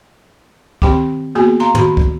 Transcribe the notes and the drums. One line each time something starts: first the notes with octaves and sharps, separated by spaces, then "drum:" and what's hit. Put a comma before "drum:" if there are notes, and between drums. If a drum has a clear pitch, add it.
D#3 C4 G4 G5 B5 D6, drum: kick
A#3 B3 F#4 G#4 G#5
F5 A#5 C6
D#3 F#4 B5, drum: tom
drum: kick